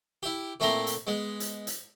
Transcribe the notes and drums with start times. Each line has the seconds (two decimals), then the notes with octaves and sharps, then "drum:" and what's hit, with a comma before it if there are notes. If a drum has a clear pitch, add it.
0.23 E4 G4
0.60 A#2 A3 C4 E4 A#5 C6
0.87 drum: hi-hat
1.07 G#3 B3
1.40 drum: hi-hat
1.67 drum: hi-hat